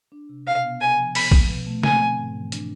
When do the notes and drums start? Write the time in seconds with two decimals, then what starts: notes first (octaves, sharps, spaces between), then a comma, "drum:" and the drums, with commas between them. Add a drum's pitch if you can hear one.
0.12 D4
0.29 C3
0.46 B2 F5
0.63 B3
0.81 C3 G#5
0.98 F3
1.15 B3 B5, drum: open hi-hat
1.32 F3, drum: kick A#1
1.49 B2
1.67 A3
1.83 C4 G#5, drum: snare
2.01 D3
2.17 G#2
2.34 E3
2.52 D4, drum: hi-hat